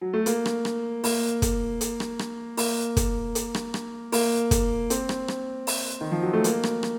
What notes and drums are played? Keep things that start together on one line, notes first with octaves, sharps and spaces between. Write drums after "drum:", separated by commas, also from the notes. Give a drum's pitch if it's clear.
F#3
A3
A#3, drum: hi-hat
drum: rim click
drum: rim click
A#3, drum: open hi-hat
drum: kick, hi-hat
drum: hi-hat
drum: rim click
drum: rim click
A#3, drum: open hi-hat
drum: kick, hi-hat
drum: hi-hat
drum: rim click
drum: rim click
A#3, drum: open hi-hat
drum: kick, hi-hat
C4, drum: hi-hat
drum: rim click
drum: rim click
drum: open hi-hat
D#3
F3
F#3
A3
A#3, drum: hi-hat
drum: rim click
drum: rim click